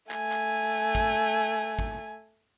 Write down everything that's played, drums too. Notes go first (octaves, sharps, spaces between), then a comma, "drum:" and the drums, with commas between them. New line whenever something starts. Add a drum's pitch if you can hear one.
A3 G#5, drum: clap
drum: clap
drum: kick
drum: kick